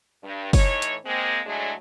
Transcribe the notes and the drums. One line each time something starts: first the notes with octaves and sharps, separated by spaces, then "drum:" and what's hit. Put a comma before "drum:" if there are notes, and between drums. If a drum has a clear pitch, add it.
G2
A2 E3 D#4 C#5, drum: kick F#1, open hi-hat
drum: hi-hat
G#3 A#3 C4
A2 F#3 G#3 A3 D4 G#4